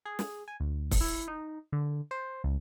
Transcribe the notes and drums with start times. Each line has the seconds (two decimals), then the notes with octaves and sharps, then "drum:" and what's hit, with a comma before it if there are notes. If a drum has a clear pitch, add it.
0.05 G#4
0.19 drum: snare
0.48 G#5
0.60 D2
0.91 drum: kick, open hi-hat
1.01 E4
1.28 D#4
1.72 D3
2.11 C5
2.44 C#2